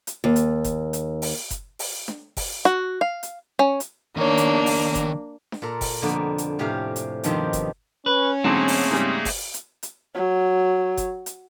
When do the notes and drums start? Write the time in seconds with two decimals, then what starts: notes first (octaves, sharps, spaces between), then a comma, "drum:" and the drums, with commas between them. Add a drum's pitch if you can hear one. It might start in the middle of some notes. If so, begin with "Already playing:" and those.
0.07 drum: hi-hat
0.24 D#2
0.36 drum: hi-hat
0.64 drum: kick F#1, hi-hat
0.93 drum: hi-hat
1.22 drum: open hi-hat
1.51 drum: kick F#1, hi-hat
1.79 drum: open hi-hat
2.08 drum: snare D4
2.37 drum: kick F#1, open hi-hat
2.65 F#4
3.01 F5
3.23 drum: hi-hat
3.59 C#4
3.80 drum: hi-hat
4.17 D#3 A#3 D4 C#5
4.37 drum: hi-hat
4.66 drum: open hi-hat
4.95 drum: kick F#1, hi-hat
5.52 drum: snare D4
5.62 A#2 A4 A#4
5.81 drum: kick F#1, open hi-hat
6.02 F2 B2 D3 A#3 B3
6.38 drum: hi-hat
6.59 A2 C3 C#4 G4 F5
6.96 drum: hi-hat
7.23 G2 B2 D#3 F3 C4 G4, drum: hi-hat
7.53 drum: kick F#1, hi-hat
8.06 C#4 B4
8.44 G#2 D3 F#3 A3 A#3 C4 G#4
8.68 drum: open hi-hat
8.90 G#2 C#3 G3
9.25 drum: kick F#1, open hi-hat
9.54 drum: hi-hat
9.83 drum: hi-hat
10.15 F#3
10.97 drum: kick F#1, hi-hat
11.26 drum: hi-hat